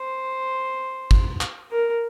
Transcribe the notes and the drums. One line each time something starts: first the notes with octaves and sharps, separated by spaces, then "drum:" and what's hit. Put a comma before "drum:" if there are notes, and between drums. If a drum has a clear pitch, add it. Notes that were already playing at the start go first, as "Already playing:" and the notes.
Already playing: C5
drum: kick
drum: clap
A#4